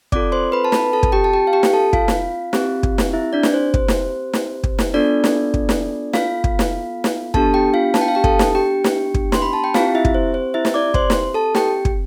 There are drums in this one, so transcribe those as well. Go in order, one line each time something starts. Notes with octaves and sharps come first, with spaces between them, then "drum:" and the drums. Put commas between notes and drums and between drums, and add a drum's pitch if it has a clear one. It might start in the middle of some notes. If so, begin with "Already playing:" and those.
C4 F4 A4 D5 D6, drum: kick
C5 C6
B4 B5
A5
B4 B5, drum: snare
A4 A5
drum: kick
G4 G5
A5
G4 G5
F5
G4 G5
drum: snare
A4 A5
F4 F5, drum: kick
drum: snare
C4 G4, drum: snare
drum: kick
drum: snare
E4 E5
D4 D5
drum: snare
C5
C5, drum: kick
drum: snare
drum: snare
drum: kick
drum: snare
B3 D4 F4 A4 D5
drum: snare
drum: kick
drum: snare
F4 F5, drum: snare
drum: kick
drum: snare
drum: snare
B3 D4 G4 A4 A5, drum: kick
G4 G5
F4 F5
A5, drum: snare
G5
F5
G4 G5
A4 A5, drum: kick
drum: snare
G4 G5
drum: snare
drum: kick
C6, drum: snare
B5
A5
G5
C4 E4 F4 G4 F5, drum: snare
E4 E5
drum: kick
C5
C5
E4 E5
drum: snare
D5 D6
C5 C6, drum: kick
drum: snare
A4 A5
G4 G5, drum: snare
drum: kick